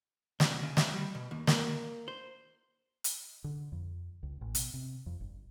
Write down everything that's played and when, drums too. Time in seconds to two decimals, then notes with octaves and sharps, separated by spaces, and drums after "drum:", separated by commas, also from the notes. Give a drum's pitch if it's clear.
0.40 C2, drum: snare
0.63 C#3
0.77 E5, drum: snare
0.94 G3
1.15 B2
1.31 D#2
1.47 A#3, drum: snare
2.08 C5
3.04 drum: hi-hat
3.44 D3
3.72 F2
4.23 C#2
4.41 A1
4.55 B2, drum: hi-hat
4.74 C3
5.06 F2
5.21 G1